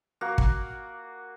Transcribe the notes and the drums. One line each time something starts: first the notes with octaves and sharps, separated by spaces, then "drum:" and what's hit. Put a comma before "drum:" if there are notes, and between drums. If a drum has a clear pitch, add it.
A#3 F#4
drum: kick